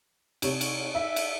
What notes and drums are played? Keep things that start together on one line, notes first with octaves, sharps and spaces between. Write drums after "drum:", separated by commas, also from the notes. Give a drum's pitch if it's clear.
C3 C#5, drum: cymbal
drum: cymbal
E5
drum: cymbal